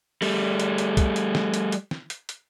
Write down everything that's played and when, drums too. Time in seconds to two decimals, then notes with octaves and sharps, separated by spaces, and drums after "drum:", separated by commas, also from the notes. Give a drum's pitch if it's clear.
0.22 G3 A3, drum: open hi-hat
0.60 drum: hi-hat
0.78 drum: hi-hat
0.97 drum: kick B1, hi-hat
1.16 drum: hi-hat
1.35 drum: snare
1.54 drum: hi-hat
1.72 drum: hi-hat
1.91 drum: snare
2.10 drum: hi-hat
2.29 drum: hi-hat